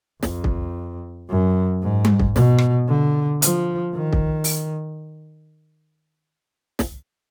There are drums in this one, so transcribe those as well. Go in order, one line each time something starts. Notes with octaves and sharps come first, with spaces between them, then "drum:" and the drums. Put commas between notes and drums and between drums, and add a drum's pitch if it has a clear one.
F2, drum: snare
drum: kick
F#2
G#2
drum: tom G3
drum: kick
B2, drum: snare
drum: rim click
D3
F3, drum: hi-hat
D#3
drum: kick
drum: open hi-hat
drum: snare